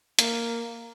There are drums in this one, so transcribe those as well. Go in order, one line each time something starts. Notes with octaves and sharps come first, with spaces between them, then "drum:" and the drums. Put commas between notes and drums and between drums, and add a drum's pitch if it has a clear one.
A#3, drum: hi-hat